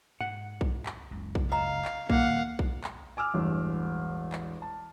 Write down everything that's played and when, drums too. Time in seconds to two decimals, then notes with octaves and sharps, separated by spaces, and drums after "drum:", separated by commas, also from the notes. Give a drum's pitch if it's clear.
0.21 G#2 F#5
0.61 drum: kick B1
0.86 drum: clap
1.11 F#1 C#2
1.35 drum: kick B1
1.52 D#5 F5 A#5
1.85 drum: clap
2.10 D#1 A#3 F5 F#5, drum: kick B1
2.59 drum: kick B1
2.84 drum: clap
3.17 G#5 D6 E6 F6
3.34 E1 A1 G2
4.32 drum: clap
4.62 A5